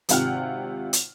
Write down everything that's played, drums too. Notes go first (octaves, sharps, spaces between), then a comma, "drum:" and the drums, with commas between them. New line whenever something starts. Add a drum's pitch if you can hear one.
G#1 C3 F4 F#5 G5 F6, drum: hi-hat
drum: hi-hat